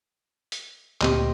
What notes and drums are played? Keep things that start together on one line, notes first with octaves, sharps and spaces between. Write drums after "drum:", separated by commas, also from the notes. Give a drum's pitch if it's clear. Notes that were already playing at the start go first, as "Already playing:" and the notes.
drum: hi-hat
D2 A#2 C4 G4 D#5, drum: clap